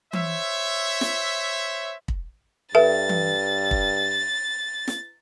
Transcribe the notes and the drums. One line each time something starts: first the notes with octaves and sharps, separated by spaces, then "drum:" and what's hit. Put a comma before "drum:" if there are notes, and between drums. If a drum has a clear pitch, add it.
C5 C#5 E5, drum: tom E3
drum: snare
drum: kick
G2 A4 B4 E5 A5 A6
drum: tom E3
drum: kick
drum: snare